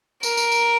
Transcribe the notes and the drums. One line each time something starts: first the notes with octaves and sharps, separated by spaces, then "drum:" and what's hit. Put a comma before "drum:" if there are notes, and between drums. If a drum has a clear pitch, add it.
A#4, drum: tambourine
drum: tambourine
drum: tambourine